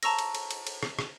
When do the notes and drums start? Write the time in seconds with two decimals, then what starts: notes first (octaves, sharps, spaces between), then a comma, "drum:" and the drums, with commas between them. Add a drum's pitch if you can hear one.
0.03 A5 A#5 C#6 E6 A#6, drum: cymbal
0.19 drum: cymbal
0.35 drum: cymbal
0.51 drum: cymbal
0.67 drum: cymbal
0.83 drum: rim click
0.99 drum: rim click